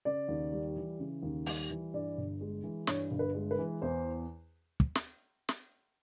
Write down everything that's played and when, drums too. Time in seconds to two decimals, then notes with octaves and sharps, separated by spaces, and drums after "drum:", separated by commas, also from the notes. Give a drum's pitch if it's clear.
0.05 C#3 D5
0.28 D#2
0.53 G3
0.76 E3
1.00 C#3
1.23 D#2
1.46 G3, drum: open hi-hat
1.70 E3
1.93 G2 D5
2.17 G1
2.41 G#3
2.64 E3
2.87 G2 C#5, drum: snare
3.11 G1
3.19 B4
3.34 G#3
3.51 B4
3.59 E3
3.82 E2 C5
4.80 drum: kick
4.95 drum: snare
5.49 drum: snare